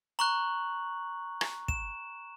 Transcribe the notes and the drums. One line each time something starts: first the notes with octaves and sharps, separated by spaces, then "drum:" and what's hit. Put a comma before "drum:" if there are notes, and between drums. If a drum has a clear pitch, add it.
A#5 C#6 F#6 F#7
drum: rim click
E7, drum: kick